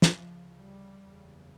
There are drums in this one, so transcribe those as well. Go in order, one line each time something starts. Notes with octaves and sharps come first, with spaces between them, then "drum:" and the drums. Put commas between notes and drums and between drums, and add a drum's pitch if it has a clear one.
drum: snare
D2 C#3 F3
G3
F#1 E2 C#3